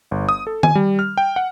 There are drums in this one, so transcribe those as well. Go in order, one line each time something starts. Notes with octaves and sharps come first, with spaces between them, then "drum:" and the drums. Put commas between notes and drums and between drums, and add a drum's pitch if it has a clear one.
G1
D#6
A4
G#5, drum: tom D#3
G3
F6
G5
F#5